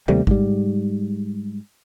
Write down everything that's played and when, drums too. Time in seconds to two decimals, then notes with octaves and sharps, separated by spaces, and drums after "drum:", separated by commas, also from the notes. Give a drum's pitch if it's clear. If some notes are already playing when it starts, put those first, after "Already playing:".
0.08 D#2 G3 A3 C4, drum: tom C3
0.27 G#2 G3, drum: kick